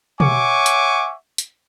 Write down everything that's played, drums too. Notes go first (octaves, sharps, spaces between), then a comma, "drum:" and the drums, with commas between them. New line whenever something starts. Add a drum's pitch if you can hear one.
C#5 E5 F#5 G#5 C#6 D6, drum: tom B2
drum: hi-hat
drum: hi-hat